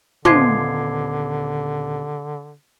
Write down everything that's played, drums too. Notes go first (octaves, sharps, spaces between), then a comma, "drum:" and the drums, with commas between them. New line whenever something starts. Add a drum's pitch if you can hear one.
D#1 D3 F3 G#3 B3 D6 G#6 C7, drum: tom